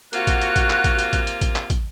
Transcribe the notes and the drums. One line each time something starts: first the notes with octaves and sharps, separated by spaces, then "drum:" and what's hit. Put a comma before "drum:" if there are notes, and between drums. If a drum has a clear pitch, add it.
C3 A#3 F4 F#4 F#6, drum: hi-hat
drum: kick, hi-hat
drum: hi-hat
drum: kick, hi-hat
drum: clap
drum: kick, hi-hat
drum: hi-hat
drum: kick, hi-hat
drum: hi-hat
drum: kick, hi-hat
drum: clap
drum: kick, hi-hat